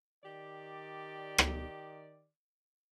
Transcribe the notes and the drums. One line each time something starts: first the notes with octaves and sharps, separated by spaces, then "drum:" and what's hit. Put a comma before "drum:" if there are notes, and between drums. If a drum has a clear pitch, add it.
D#3 G4 D5
drum: rim click